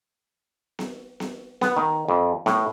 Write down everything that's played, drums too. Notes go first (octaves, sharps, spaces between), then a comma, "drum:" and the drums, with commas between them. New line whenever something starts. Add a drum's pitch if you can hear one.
drum: snare B3
drum: snare B3
B3, drum: snare B3
D#3
F2
A2, drum: snare B3